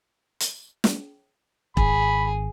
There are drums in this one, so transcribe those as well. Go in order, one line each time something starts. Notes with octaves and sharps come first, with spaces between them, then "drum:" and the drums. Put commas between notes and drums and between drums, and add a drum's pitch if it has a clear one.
drum: hi-hat
drum: snare
G#1 G#4 B5, drum: kick E1